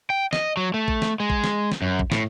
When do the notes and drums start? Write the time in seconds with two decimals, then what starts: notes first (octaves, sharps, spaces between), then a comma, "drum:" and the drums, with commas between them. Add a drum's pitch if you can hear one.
0.10 G5
0.33 D#5, drum: snare
0.57 F#3
0.74 A3
0.88 drum: kick A1
1.02 drum: snare
1.20 G#3
1.30 drum: kick A1
1.44 drum: snare
1.71 drum: snare
1.82 F#2
1.99 drum: kick A1
2.12 A2, drum: snare